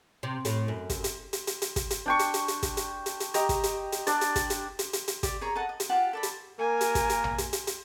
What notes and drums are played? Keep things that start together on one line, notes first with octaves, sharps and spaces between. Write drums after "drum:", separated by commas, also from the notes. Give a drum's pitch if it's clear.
C3
A2, drum: hi-hat
F#2
drum: kick, hi-hat
drum: hi-hat
drum: hi-hat
drum: hi-hat
drum: hi-hat
drum: kick, hi-hat
drum: hi-hat
D4 G5 C#6
drum: hi-hat
drum: hi-hat
drum: hi-hat
drum: kick, hi-hat
drum: hi-hat
drum: hi-hat
drum: hi-hat
G4 D#5 A#5, drum: hi-hat
drum: kick, hi-hat
drum: hi-hat
drum: hi-hat
D4 D5, drum: hi-hat
drum: hi-hat
drum: kick, hi-hat
drum: hi-hat
drum: hi-hat
drum: hi-hat
drum: hi-hat
G4 D5, drum: kick, hi-hat
G#4 C#5 A#5 C#6
A4 D#5 F#5 A5
D#5
drum: hi-hat
F4 G4 F#5 A5
A4 D5 B5
drum: hi-hat
A#3 A#4 G#5
drum: hi-hat
drum: kick, hi-hat
drum: hi-hat
drum: tom A#1
drum: hi-hat
drum: hi-hat
drum: hi-hat